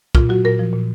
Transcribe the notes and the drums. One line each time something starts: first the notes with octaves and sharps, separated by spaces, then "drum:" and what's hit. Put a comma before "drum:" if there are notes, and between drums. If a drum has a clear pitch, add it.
A#2 F4, drum: kick
F#3 F#4
A#2 A#4
F3
A#2